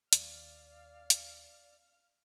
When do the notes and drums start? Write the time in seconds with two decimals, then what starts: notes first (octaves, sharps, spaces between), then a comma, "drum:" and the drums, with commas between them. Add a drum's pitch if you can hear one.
0.13 D#2 D5 F5 F6, drum: hi-hat
1.10 drum: hi-hat